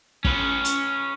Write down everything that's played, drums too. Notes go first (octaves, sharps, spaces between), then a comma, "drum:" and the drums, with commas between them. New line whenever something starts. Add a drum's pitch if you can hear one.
C#4 B4, drum: kick
drum: hi-hat